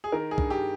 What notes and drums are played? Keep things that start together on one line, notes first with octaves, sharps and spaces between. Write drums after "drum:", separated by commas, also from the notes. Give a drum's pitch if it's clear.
G#4
D#3 A#4
G#4
G2, drum: kick B1
G4